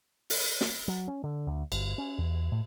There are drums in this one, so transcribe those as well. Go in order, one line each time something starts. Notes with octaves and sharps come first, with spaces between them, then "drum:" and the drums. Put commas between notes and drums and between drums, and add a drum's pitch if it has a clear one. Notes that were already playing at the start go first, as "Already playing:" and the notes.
drum: open hi-hat
drum: snare
F#3
C#4
D3
D2
G1, drum: cymbal
C#4
E2
A2